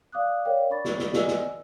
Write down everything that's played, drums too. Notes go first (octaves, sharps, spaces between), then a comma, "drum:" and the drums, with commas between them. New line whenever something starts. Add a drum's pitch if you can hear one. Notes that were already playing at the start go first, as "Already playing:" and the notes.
D5 F5 D6 D#6 F#6
A#4 C#5 D5 F5 G5
D4 D5 B5 C#6 D6 A6
drum: snare
drum: snare
D5 D#5 G#5 E6, drum: snare
drum: snare